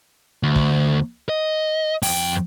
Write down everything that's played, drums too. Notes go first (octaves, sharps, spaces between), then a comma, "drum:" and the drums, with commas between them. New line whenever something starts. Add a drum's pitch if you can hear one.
D2
drum: kick
D#5
F2 G5, drum: open hi-hat